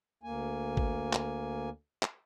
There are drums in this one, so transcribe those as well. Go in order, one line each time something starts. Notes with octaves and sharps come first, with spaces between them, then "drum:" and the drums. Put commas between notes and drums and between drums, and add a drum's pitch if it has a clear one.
D2 A#3 G#5
drum: kick G#1
drum: clap
drum: clap